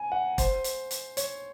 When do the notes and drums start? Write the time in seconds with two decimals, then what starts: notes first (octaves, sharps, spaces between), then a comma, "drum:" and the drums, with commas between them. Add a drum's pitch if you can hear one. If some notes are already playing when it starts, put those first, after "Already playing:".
Already playing: G#5 A#5
0.12 F#5
0.38 C5, drum: kick, hi-hat
0.64 drum: hi-hat
0.91 drum: hi-hat
1.17 C#5, drum: hi-hat